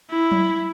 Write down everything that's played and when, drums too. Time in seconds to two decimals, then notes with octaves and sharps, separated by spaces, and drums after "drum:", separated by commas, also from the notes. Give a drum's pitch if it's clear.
0.10 E4
0.32 drum: tom F#3